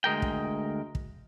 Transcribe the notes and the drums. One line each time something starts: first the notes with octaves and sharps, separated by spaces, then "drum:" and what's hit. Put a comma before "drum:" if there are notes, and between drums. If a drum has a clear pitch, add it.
D2 G#3 A#4 G5
drum: kick
drum: kick